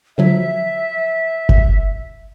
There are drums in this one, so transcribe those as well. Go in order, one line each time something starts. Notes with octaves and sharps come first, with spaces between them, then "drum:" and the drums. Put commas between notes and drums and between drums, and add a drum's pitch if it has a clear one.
D3 F3 F#3 E5
drum: kick F#1